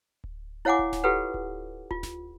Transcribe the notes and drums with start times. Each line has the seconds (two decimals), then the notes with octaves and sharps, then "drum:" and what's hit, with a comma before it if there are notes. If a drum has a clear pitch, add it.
0.24 drum: kick D1
0.65 E4 C#5 F5 F#5 G#5 D6
0.79 drum: kick D1
0.93 drum: snare D1
1.04 F4 G4 A4 B4 F#5
1.34 drum: kick D1
1.91 F4, drum: kick D1
2.03 drum: snare D1